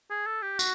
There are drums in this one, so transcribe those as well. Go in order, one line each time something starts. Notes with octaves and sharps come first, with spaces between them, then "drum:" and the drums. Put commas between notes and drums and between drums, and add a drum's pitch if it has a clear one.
G#4
A4
G4
F#4, drum: tambourine